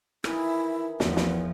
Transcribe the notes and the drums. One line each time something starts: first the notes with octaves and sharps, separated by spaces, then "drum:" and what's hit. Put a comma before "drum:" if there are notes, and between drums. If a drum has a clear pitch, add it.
D#3 E3 E4 G#4, drum: rim click
E2 F3 B3, drum: snare
drum: snare